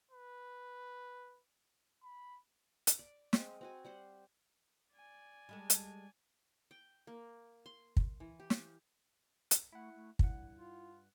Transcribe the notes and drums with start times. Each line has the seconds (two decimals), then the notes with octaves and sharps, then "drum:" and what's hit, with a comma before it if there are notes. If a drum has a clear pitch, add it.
0.11 B4
2.03 B5
2.87 drum: hi-hat
2.99 D5
3.33 G#3 C4, drum: snare
3.61 C4 F#4 G#5
3.85 G3 C5 F#5
4.95 D5 G#5
5.49 G3 G#3 A4
5.70 drum: hi-hat
6.71 G5
7.07 A#3
7.66 C6
7.97 drum: kick
8.20 E3
8.40 G4
8.50 drum: snare
9.51 drum: hi-hat
9.72 A3 E4 F#5
9.95 A3
10.19 G2 E4 F#5, drum: kick
10.58 F4